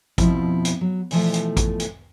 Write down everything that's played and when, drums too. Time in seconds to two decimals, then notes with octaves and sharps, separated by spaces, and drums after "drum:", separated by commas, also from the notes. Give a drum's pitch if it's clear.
0.18 F2 B2 F3 E4, drum: kick A1, hi-hat
0.65 drum: hi-hat
0.81 F#3
1.11 B2 E3 F3 A3, drum: open hi-hat
1.34 drum: hi-hat
1.57 drum: kick A1, hi-hat
1.80 drum: hi-hat